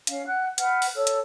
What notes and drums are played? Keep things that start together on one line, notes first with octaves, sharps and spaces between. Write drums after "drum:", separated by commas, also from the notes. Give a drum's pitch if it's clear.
C#4 F5, drum: hi-hat
F#5 F#6
B4 F#5 F6, drum: hi-hat
drum: open hi-hat
A4 C#5
drum: hi-hat